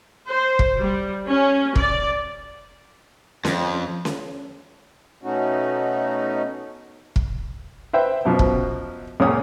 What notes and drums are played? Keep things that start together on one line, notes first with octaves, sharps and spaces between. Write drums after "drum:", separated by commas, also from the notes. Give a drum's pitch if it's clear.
C5
drum: kick
G3
C#4
D5, drum: kick
F2, drum: snare C#4
drum: snare C#4
B2 A3 C#4 D#4 F#4
drum: kick
B4 C5 E5 G5
F#2 B2 F3
drum: kick
C#2 A#2 C#3 C#4 C#5 D#6